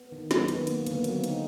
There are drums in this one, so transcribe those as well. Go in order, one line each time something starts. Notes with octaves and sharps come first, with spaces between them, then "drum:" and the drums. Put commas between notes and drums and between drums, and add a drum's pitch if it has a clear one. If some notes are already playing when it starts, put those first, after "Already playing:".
Already playing: B3
D#3
F#3, drum: snare
D#3 B3, drum: cymbal
D#3 A#3, drum: cymbal
D3 B3, drum: cymbal
A#3
F#3 B3, drum: cymbal
C4
D3 D#4, drum: cymbal